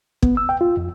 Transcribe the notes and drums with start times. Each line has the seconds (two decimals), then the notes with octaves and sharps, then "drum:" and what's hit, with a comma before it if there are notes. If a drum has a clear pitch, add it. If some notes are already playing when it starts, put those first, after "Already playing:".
0.22 B3, drum: kick
0.37 E6
0.49 G5
0.61 F4
0.77 F2